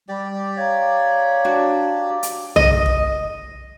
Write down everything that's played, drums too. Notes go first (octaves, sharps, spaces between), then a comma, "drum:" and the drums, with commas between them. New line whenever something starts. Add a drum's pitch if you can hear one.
G3 G4 D5
C#5 F5 A#5
D4 F#4
drum: hi-hat
D#5, drum: tom
drum: kick